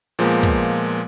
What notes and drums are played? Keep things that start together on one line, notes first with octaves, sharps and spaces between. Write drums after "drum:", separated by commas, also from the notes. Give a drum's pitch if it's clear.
A#2 F3 G#3 A#3 B3
drum: kick